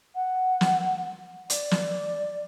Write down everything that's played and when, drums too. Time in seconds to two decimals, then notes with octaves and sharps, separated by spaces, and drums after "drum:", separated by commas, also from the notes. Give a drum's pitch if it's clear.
0.15 F#5
0.61 drum: snare
1.50 D5, drum: hi-hat
1.71 drum: snare